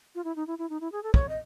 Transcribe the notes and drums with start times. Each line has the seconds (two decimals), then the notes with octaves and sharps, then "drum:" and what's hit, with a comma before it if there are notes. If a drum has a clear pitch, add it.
0.15 F4
0.24 E4
0.36 D#4
0.47 E4
0.59 E4
0.70 D#4
0.81 E4
0.92 G#4
1.03 A4
1.14 C#5, drum: kick
1.29 D#5